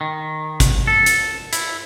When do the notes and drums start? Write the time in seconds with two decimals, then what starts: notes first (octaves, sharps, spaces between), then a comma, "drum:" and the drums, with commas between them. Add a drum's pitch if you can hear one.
0.01 D#3
0.60 drum: kick, hi-hat
0.87 A4
1.06 drum: hi-hat
1.53 E4, drum: hi-hat